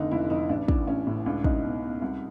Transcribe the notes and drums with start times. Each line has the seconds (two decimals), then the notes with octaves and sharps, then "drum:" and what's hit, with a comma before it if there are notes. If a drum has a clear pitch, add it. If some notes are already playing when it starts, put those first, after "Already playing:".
Already playing: F1 D3 D#4
0.11 F1 E4
0.30 F2 D#4
0.49 A1 D4
0.68 E3 D4, drum: kick
0.87 A1 C#4
1.07 A2
1.26 C#2 D4
1.44 C#2 D#4, drum: kick
1.63 B2
1.83 B2
2.02 C2